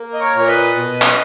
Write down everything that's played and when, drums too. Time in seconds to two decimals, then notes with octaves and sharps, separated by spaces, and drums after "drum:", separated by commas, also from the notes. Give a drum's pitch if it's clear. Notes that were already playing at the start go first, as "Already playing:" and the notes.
Already playing: A#3
0.14 D#5
0.20 A#4 C#5
0.35 A#2 C#5
0.47 B4 D#5
0.74 B2
1.02 drum: clap